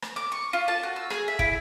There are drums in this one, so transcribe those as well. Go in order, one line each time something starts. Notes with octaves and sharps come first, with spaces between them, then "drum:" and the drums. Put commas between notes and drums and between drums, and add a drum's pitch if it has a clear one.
drum: rim click
D6
C#6
F4
A5
F#4
E6
G#4, drum: rim click
E5
E4, drum: kick